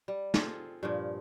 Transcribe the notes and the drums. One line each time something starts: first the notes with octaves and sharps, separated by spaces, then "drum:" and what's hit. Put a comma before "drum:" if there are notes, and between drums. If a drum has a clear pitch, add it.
G3
C4 F4 G#4 A4, drum: snare
G2 A#2 F3